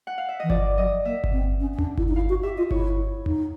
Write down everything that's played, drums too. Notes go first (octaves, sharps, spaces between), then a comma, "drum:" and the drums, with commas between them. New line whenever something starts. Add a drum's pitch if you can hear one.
F#5
F5
E5
E3 D#5
F3 D5, drum: kick G1
F#3 D#5
A#3 E5
drum: kick G1
C4
C#4
C#4
D4, drum: tom D#2
E4, drum: kick G1
D#4
E4 F5
F#4
G4 E5
F4 D#5
E4 C#5, drum: kick G1
D#4, drum: tom D#2